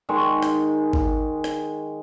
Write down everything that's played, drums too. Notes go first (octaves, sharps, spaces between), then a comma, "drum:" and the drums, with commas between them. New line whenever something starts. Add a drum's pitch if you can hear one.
D#3 G#3 C#6
drum: rim click
drum: kick G#1
drum: rim click